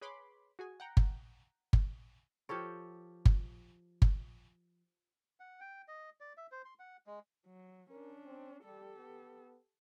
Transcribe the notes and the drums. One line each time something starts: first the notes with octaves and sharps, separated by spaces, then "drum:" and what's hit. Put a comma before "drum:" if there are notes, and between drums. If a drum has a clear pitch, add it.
G#4 B4 C#5 B5 C6 D6
F#4 G#4 G#5
F#5 G5 A#5
drum: kick G1
drum: kick G1
F3 G4 A4 C#5
drum: kick G1
drum: kick G1
F#5
G5
D#5
D5
E5
C5
C6
F#5
G#3
F#3
C#4 D4 A#4
C4
G3 G4 A4
B3